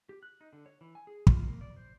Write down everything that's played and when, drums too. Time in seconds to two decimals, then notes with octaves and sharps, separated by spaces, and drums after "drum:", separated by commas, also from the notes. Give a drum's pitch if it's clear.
0.09 G4
0.23 F#6
0.41 D#4
0.53 D3
0.66 C#5
0.81 E3
0.95 G#5
1.07 G#4
1.27 F4, drum: kick
1.47 A#3
1.61 D5
1.76 C5